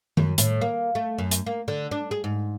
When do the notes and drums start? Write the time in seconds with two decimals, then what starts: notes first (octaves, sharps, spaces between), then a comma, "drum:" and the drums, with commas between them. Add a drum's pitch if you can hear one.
0.17 F#2, drum: tom D#3
0.38 A2, drum: hi-hat
0.61 A#3
0.95 A3
1.18 F#2
1.31 drum: hi-hat
1.46 A#3
1.68 D3
1.91 D4
2.11 G#4
2.24 G#2